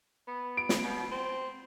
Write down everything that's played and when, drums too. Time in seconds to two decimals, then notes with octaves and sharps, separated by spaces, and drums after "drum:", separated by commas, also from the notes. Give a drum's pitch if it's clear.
0.28 B3
0.57 D7
0.69 drum: snare
0.83 B2
1.11 C4